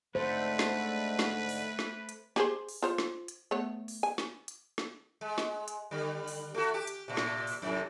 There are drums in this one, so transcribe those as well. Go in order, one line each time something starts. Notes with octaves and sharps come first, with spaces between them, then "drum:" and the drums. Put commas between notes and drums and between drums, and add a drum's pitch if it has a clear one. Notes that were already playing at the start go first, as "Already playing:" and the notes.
G#2 D3 A3 B4 C5
drum: snare
drum: snare
drum: open hi-hat
drum: snare
drum: hi-hat
G4 G#4 C5, drum: snare
drum: open hi-hat
F4 C5 C#5
drum: snare
drum: hi-hat
A3 B3 C#5
drum: open hi-hat
G#5
drum: snare
drum: hi-hat
drum: snare
G#3
drum: snare
drum: hi-hat
D3 G3
drum: open hi-hat
A3 F#4
G4
drum: hi-hat
A2 C3
drum: snare
drum: open hi-hat
F2 A2 C3